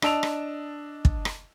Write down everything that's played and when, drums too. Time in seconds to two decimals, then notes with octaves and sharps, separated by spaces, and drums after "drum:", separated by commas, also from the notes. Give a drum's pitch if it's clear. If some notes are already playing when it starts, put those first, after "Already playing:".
0.02 D4 D#5 A5 E6 D7 F7, drum: rim click
0.23 drum: rim click
1.05 drum: kick
1.25 drum: rim click